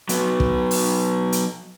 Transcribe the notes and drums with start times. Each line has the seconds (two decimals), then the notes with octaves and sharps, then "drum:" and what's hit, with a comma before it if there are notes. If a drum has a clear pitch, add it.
0.09 F#3 B3, drum: hi-hat
0.40 drum: kick
0.71 drum: open hi-hat
1.32 drum: hi-hat